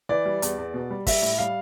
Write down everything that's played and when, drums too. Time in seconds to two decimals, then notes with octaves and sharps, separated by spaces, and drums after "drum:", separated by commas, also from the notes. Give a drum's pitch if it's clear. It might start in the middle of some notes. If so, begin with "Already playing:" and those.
0.09 E3 D5
0.26 G3
0.42 E2, drum: hi-hat
0.58 E2
0.74 B2
0.90 G3
1.07 G3 E5, drum: kick, open hi-hat
1.22 A2
1.38 G3 F5